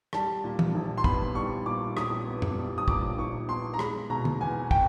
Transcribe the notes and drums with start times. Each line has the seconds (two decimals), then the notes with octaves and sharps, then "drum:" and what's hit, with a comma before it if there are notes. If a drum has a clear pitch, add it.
0.13 G3 A5, drum: rim click
0.44 A#2
0.59 drum: tom E3
0.75 A#1
0.98 C6
1.04 B3 B5, drum: kick
1.35 G3 C#6
1.66 A#2 D6
1.97 A#1 D#6, drum: rim click
2.27 B3
2.42 drum: tom F2
2.57 G3
2.78 D#6
2.88 A#2 D6, drum: kick
3.18 A#1 C#6
3.49 B3 C6
3.74 A#5
3.79 G#3 B5, drum: rim click
4.10 B2 A#5
4.25 drum: tom D3
4.41 E2 G#5
4.71 G5, drum: kick